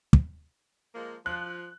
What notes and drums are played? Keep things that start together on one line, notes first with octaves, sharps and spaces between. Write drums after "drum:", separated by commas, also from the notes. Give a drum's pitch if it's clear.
drum: kick
F3 G#3 A#3
F3 F#6